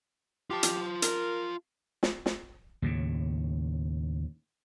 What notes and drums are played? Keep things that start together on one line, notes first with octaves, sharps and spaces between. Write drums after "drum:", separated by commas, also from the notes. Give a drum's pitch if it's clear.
F4 G4 A5
drum: hi-hat
A#4, drum: hi-hat
drum: snare
drum: snare
D#2 A2 C#3